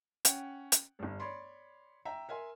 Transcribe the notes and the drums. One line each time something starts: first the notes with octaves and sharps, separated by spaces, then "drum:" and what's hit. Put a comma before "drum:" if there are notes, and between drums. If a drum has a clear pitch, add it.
C#4 F#5 G5, drum: hi-hat
drum: hi-hat
G1 G2
C#5 D5 B5 C6
E5 G5 A#5
A#4 E5 G#5 C6